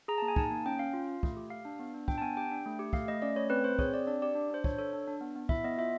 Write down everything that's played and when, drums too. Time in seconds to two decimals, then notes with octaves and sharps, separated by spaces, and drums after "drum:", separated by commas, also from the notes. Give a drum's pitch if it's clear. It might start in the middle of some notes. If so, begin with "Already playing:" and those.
0.08 G#4 A#5
0.18 A#3 A5
0.28 G#5
0.36 D#4 A5, drum: kick
0.51 A#3
0.66 C#4 G5
0.79 C#4 F5
0.93 F4
1.09 F4
1.23 A3, drum: kick
1.37 G4
1.50 G4 F5
1.65 D4
1.79 B3
1.94 D4
2.08 D4 G5, drum: kick
2.18 A5
2.22 B3 G#5
2.37 G4 G5
2.51 D4
2.65 A3
2.79 G4
2.93 A3 F5, drum: kick
3.08 A3 D#5
3.22 C#4 D5
3.36 A3 C#5
3.50 C4 B4
3.64 C4 C5
3.79 G#4 C#5, drum: kick
3.93 C4 D5
4.07 D4 D5
4.22 G4 D5
4.35 D4
4.51 D4 C5
4.64 D4 C#5, drum: kick
4.78 A4 C#5
4.93 D4
5.07 D4
5.21 B3
5.36 B3
5.49 E4 E5, drum: kick
5.64 B3 D#5
5.78 F4 E5